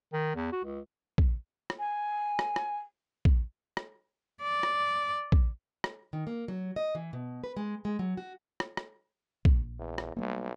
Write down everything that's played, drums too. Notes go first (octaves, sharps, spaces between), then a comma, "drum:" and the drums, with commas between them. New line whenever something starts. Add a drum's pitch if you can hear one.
D#3
E2
F#4
C#2
drum: kick
drum: rim click
G#5
drum: rim click
drum: rim click
drum: kick
drum: rim click
D5
drum: rim click
drum: kick
drum: rim click
D#3
A#3
F#3
D#5
E3
B2
B4
G#3
G#3
F#3
F#4
drum: rim click
drum: rim click
A#1, drum: kick
E2
drum: rim click
B1 G3 A3 A#3